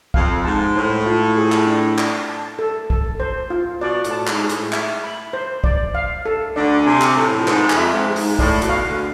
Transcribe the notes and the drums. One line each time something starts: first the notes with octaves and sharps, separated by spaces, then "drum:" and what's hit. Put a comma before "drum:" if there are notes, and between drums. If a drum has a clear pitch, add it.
F2 F5, drum: kick
G#2 A5
A2 C5
F4
G#4
drum: clap
D4
D5, drum: clap
A5
A4
A4, drum: kick
C5
F4
B2 D5
A2, drum: hi-hat
A5
G#2, drum: clap
G#4
A2, drum: hi-hat
E5, drum: clap
B5
C5
D5, drum: kick
F5
A4
D2 D3 D5
C3 G#5
drum: clap
A2 A4
E2
F2
G#2 B4, drum: clap
F2, drum: clap
E5
G#2
G#4
G#2, drum: open hi-hat
A2 D5, drum: kick
B2, drum: hi-hat
F5
D2 D3